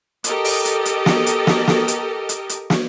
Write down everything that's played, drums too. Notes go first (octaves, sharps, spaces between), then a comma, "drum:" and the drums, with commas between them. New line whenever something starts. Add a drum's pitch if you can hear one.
G4 A4 A#4 D#5, drum: hi-hat
drum: open hi-hat
drum: hi-hat
drum: hi-hat
drum: snare
drum: hi-hat
drum: snare
drum: snare
drum: hi-hat
drum: hi-hat
drum: hi-hat
drum: snare